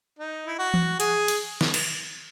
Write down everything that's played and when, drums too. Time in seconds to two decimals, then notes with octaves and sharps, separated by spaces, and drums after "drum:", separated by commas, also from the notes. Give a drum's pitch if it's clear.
0.19 D#4
0.47 E4
0.59 F#4
0.74 drum: tom E3
1.00 G#4, drum: hi-hat
1.28 drum: cymbal
1.61 drum: snare
1.74 drum: cymbal